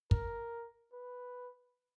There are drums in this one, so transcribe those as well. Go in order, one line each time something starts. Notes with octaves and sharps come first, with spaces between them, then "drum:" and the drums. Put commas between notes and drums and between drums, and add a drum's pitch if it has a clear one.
A#4, drum: kick
B4